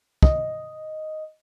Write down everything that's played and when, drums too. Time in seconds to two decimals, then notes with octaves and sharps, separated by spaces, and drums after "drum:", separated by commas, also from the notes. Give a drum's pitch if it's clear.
0.23 D#5, drum: kick